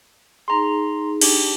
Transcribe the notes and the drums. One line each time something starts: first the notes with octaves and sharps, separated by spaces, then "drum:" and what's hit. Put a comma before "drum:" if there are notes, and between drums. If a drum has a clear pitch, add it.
D#4 G#4 A#5 C6
D4 G4, drum: cymbal